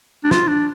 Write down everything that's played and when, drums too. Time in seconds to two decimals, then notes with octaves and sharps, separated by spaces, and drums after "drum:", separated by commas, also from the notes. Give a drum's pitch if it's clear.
0.24 D4
0.31 F4, drum: snare
0.48 D4